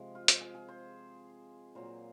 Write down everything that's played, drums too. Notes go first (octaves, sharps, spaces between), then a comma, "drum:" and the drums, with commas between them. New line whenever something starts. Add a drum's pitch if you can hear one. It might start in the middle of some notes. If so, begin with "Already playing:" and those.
Already playing: C3 F3 G#3
F4
F4, drum: hi-hat
G#4
G#4
C5
A#2 F#3 A#3 C5